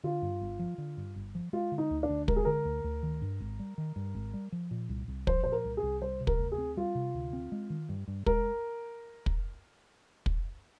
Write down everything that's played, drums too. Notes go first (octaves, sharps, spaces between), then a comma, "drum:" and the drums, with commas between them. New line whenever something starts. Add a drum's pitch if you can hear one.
D3 F4
G2
G1
F3
D3
G2
G1
F3
G#3 F4
D3
D#4
D2
D4
D2
G#3 A#4, drum: kick
G#4
D3 A#4
D2
D2
D#3
G2
G#1
G3
D#3
G2
G#1
G3
F3
A#2
C2
C2
F3 C5, drum: kick
A#2 C5
A#4
C2
G#4
C2
G3 C5
C3
A#4, drum: kick
D2
G#4
C4
G3 F4
C3
D2
C4
G#3
D#3
G2
G2
G#3 A#4, drum: kick
drum: kick
drum: kick